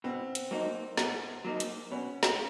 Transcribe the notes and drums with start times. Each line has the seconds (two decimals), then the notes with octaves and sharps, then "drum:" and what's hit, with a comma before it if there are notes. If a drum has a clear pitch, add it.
0.04 B2 C4
0.35 drum: hi-hat
0.51 F#3 A#3 D#4
0.97 B2, drum: snare
1.45 F#3 A#3 D#4
1.60 drum: hi-hat
1.91 B2 C#4
2.23 drum: snare